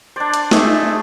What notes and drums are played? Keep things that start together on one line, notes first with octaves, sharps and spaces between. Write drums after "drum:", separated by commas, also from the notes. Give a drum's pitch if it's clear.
D4 C5 D5
drum: hi-hat
A3 D#4 G#4 E5, drum: snare